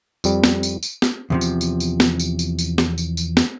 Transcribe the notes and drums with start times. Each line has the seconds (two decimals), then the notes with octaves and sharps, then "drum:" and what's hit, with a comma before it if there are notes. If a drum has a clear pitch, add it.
0.24 F2 G3, drum: tambourine
0.44 drum: snare
0.63 drum: tambourine
0.83 drum: tambourine
1.02 drum: snare
1.30 E2 C3 F3
1.41 drum: tambourine
1.61 drum: tambourine
1.80 drum: tambourine
2.00 drum: snare
2.20 drum: tambourine
2.39 drum: tambourine
2.59 drum: tambourine
2.78 drum: snare
2.98 drum: tambourine
3.17 drum: tambourine
3.37 drum: snare